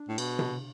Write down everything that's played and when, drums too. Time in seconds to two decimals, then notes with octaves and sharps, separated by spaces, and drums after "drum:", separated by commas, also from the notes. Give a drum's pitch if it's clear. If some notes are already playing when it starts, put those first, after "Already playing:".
Already playing: D4
0.08 A2
0.18 B2, drum: cymbal
0.39 drum: tom C3